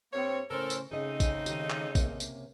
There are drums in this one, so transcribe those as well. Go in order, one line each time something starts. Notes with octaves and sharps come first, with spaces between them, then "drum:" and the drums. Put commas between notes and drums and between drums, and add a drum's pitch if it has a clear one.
G2 A#3 C4 C#5
A2 C#3 C#4 A4 A#4 C5
drum: tambourine
C#3 A3 C4 D#4 G#4 D#5
drum: kick A#1, tambourine
D#3 G4, drum: tambourine
drum: clap
C3 A#3 C#4, drum: kick A#1, tambourine
drum: tambourine